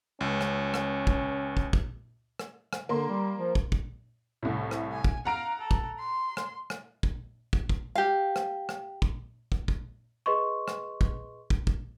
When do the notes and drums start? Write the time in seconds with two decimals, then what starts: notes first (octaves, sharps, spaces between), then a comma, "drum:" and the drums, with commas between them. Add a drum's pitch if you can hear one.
0.21 C#2 C#4
0.41 drum: rim click
0.74 drum: rim click
1.07 drum: kick
1.57 drum: kick
1.73 drum: kick
2.39 drum: rim click
2.73 drum: rim click
2.89 D3 A#3 C6
3.09 G3
3.39 F3
3.55 drum: kick
3.72 drum: kick
4.43 C2 A2
4.71 drum: rim click
4.92 G#5
5.04 drum: kick
5.25 F5 F#5 A#5 D7
5.59 A4
5.71 drum: kick
5.99 C6
6.37 drum: rim click
6.70 drum: rim click
7.03 drum: kick
7.53 drum: kick
7.69 drum: kick
7.95 G4 F5
8.36 drum: rim click
8.69 drum: rim click
9.02 drum: kick
9.52 drum: kick
9.68 drum: kick
10.26 G#4 B4 D#5 C6 C#6
10.68 drum: rim click
11.01 drum: kick
11.50 drum: kick
11.67 drum: kick